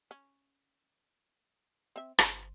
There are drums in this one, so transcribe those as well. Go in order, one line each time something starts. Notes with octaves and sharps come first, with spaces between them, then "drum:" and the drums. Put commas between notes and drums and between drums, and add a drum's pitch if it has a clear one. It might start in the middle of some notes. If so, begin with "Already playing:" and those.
C#4
C4 E5
G1 C5, drum: rim click